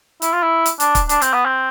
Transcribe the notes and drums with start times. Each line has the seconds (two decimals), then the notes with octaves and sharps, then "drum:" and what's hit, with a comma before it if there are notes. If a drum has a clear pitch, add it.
0.22 E4, drum: hi-hat
0.33 F4
0.42 E4
0.66 drum: hi-hat
0.80 D4, drum: hi-hat
0.95 drum: kick, hi-hat
1.09 D4, drum: hi-hat
1.22 C4, drum: hi-hat
1.33 B3
1.45 C4